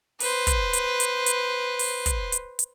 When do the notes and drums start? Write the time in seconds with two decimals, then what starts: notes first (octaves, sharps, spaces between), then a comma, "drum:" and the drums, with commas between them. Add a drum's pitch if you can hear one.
0.20 B4 C5, drum: open hi-hat
0.47 drum: kick, hi-hat
0.73 drum: hi-hat
1.00 drum: hi-hat
1.26 drum: hi-hat
1.79 drum: open hi-hat
2.06 drum: kick, hi-hat
2.32 drum: hi-hat
2.59 drum: hi-hat